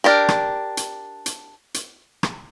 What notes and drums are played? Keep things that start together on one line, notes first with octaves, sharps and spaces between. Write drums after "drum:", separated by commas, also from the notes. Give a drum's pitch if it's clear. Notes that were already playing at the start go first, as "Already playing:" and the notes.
D4 G4 A#4
drum: rim click
drum: hi-hat
drum: hi-hat
drum: hi-hat
drum: rim click